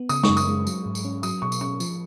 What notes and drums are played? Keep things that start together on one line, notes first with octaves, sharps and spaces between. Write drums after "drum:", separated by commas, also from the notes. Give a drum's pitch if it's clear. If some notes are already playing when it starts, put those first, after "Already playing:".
Already playing: B3
C#3 D#6, drum: tambourine
C#6, drum: snare
F#2
D#6, drum: tambourine
G#3
F#3, drum: tambourine
G#2
drum: tambourine
C#4
F#3 D#6, drum: tambourine
B2 C#6
drum: tambourine
C#4 C#6
F3, drum: tambourine